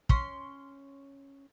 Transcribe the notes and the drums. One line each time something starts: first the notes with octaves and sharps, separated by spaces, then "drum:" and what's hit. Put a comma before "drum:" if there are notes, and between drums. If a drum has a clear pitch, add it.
C#4 C6, drum: kick